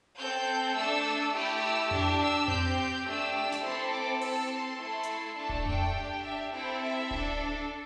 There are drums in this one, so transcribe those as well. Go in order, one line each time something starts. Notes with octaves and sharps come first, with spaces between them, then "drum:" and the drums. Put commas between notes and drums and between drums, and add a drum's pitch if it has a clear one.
C4 A4 G6
A3 D4 A4 E6
A3 E4 G4 G5
E6
D4 G4, drum: tom F2
E6
C4 G4 G6, drum: tom F2
A3 D4 G4 E6
E6
drum: snare
C4 E4 A4 C6
D6
C4 A4 E6, drum: open hi-hat
C6
A3 E4 A4
drum: hi-hat
A3 D4 A4 A5
drum: kick D1
G5, drum: tom F2
D4 G4
E5
C4 E4 A4 G5
E5
D4 A4, drum: kick D1